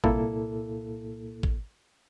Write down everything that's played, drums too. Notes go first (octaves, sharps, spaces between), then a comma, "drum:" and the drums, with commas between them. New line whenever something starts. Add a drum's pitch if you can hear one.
C2 A#2 A#3 E4 A4, drum: kick
drum: kick